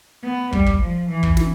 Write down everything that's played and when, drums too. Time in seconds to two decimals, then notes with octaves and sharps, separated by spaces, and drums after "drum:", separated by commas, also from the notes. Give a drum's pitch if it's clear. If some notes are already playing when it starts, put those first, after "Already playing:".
0.24 B3
0.53 G3, drum: kick
0.66 drum: kick
0.81 F3
1.09 E3
1.23 drum: kick
1.37 drum: snare